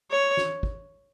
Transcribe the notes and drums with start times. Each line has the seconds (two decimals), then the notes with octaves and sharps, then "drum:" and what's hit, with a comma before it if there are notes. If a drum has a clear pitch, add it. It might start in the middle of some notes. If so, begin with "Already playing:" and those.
0.11 C#5
0.37 drum: snare
0.63 drum: kick